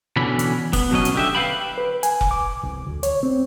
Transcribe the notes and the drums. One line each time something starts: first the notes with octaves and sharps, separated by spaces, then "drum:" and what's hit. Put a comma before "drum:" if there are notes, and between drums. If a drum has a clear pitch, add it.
B2 D3 E3 C#4 B5
drum: hi-hat
B3, drum: kick F1, open hi-hat
B2 F#3 C#4 D#5
drum: hi-hat
D3 G4 E5
B4 F5 G5 B5
B4
G#5, drum: hi-hat
drum: kick F1
D6
C2
D2
C#5, drum: hi-hat
C4